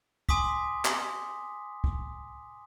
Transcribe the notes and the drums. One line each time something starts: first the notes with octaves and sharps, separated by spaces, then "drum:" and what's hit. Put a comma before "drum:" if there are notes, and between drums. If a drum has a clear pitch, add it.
G#5 C6 D6 D#6 B6, drum: kick
drum: clap
drum: kick